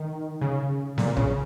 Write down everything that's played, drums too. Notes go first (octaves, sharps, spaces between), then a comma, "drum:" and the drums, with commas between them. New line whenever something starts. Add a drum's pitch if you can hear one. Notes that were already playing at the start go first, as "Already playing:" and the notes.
Already playing: D#3
C#3
A#2, drum: snare B3
C#3, drum: kick